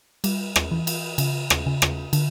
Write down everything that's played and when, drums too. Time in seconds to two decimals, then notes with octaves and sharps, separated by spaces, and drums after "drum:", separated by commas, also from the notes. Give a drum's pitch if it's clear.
0.24 G3, drum: cymbal
0.56 drum: rim click
0.71 E3
0.87 drum: cymbal
1.18 C#3, drum: cymbal
1.50 drum: rim click
1.66 C#3
1.82 drum: rim click
2.13 D3, drum: cymbal